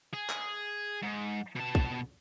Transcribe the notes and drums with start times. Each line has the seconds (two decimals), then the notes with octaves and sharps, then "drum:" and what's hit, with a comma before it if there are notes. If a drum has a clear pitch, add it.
0.14 G#4
0.30 drum: clap
1.02 G#2
1.56 B2 A5
1.75 drum: kick